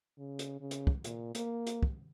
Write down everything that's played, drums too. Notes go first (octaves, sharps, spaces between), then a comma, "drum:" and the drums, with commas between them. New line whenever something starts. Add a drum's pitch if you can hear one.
C#3
drum: hi-hat
C#3
drum: hi-hat
drum: kick
A#2, drum: hi-hat
A#3, drum: hi-hat
drum: hi-hat
drum: kick